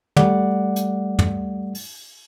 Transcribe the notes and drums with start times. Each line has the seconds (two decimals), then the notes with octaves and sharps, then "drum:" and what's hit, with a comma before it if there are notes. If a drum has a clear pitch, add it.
0.16 G3 A3 D5 F#5, drum: tom
0.76 drum: hi-hat
1.19 drum: tom
1.75 drum: open hi-hat